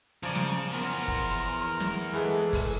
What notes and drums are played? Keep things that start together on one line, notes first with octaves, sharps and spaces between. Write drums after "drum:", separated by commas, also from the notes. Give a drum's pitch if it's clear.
C#3 F3 D5 A#5
drum: snare
E2 A#4 C6
drum: kick, hi-hat
drum: snare
E3 G#3 A3 G#4
drum: kick, open hi-hat